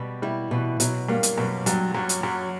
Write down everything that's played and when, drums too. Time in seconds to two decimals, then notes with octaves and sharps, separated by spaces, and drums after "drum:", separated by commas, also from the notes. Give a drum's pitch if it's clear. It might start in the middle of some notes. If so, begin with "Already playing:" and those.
Already playing: B2 G3
0.22 G3 E4
0.51 B2 E3
0.80 B2 F#3, drum: hi-hat
1.08 G2 A#3
1.23 drum: hi-hat
1.37 F#2 B2
1.66 G2 F#3, drum: hi-hat
1.94 F#2 F#3
2.09 drum: hi-hat
2.23 F#2 F#3